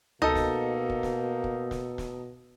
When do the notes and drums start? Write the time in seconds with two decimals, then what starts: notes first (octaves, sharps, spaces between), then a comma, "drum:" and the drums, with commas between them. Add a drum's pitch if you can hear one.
0.22 B2 A#3 D#4 A4 D#5, drum: tom C#2
0.35 drum: snare
0.90 drum: kick
1.03 drum: snare
1.44 drum: kick
1.71 drum: snare
1.98 drum: snare